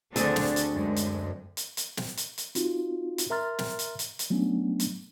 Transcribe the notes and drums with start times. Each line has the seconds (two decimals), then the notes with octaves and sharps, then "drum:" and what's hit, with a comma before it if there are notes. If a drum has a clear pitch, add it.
0.16 D2 D3 C4 D4 G#4, drum: hi-hat
0.36 drum: snare
0.56 drum: hi-hat
0.73 F#2 G#3
0.96 drum: hi-hat
1.57 drum: hi-hat
1.77 drum: hi-hat
1.97 drum: snare
2.17 drum: hi-hat
2.38 drum: hi-hat
2.55 C4 D#4 F4 F#4, drum: hi-hat
3.18 drum: hi-hat
3.30 A#4 E5 A#5 C6 F6 A6
3.59 drum: snare
3.79 drum: hi-hat
3.99 drum: hi-hat
4.19 drum: hi-hat
4.30 F#3 A3 B3 C#4 D4
4.80 drum: hi-hat